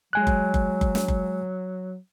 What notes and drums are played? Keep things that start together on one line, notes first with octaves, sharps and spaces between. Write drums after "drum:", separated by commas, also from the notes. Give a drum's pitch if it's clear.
F#3 G#3 G#5 F#6
drum: kick F#1
drum: kick F#1
drum: kick F#1
drum: snare
drum: kick F#1